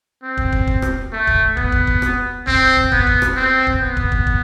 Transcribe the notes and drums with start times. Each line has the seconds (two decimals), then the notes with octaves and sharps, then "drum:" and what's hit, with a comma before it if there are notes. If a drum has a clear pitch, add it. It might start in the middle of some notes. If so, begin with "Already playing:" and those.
0.23 C4
0.37 drum: kick
0.52 drum: kick
0.67 drum: kick
0.82 drum: rim click
1.13 A3
1.27 drum: kick
1.57 B3, drum: kick
1.72 drum: kick
1.87 drum: kick
2.02 drum: rim click
2.47 C4, drum: kick
2.77 drum: kick
2.92 B3, drum: kick
3.07 drum: kick
3.22 drum: rim click
3.36 C4
3.67 drum: kick
3.82 B3
3.97 drum: kick
4.12 drum: kick
4.27 drum: kick